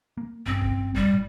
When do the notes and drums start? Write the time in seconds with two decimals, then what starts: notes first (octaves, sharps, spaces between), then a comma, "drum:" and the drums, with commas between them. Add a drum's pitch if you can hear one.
0.17 A#3
0.46 A1 G2 C4 C#4
0.61 drum: kick C#1
0.95 G3, drum: kick C#1
1.14 A2